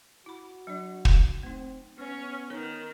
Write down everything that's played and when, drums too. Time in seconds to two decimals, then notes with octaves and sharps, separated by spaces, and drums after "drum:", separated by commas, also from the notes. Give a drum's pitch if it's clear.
0.26 E4 F#4 B5
0.67 F#3 D4 D5
1.05 drum: kick
1.43 A3 C4 D#4
1.98 B3 C#4
2.50 D#3 A#4 C#5